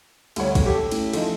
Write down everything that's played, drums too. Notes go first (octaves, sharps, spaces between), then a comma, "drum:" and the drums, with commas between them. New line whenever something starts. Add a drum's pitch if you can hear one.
D2 G3 C#5, drum: cymbal
drum: kick, cymbal
G4 A4
A3 C#4 E4, drum: cymbal
F3 A3 D#4 A4, drum: cymbal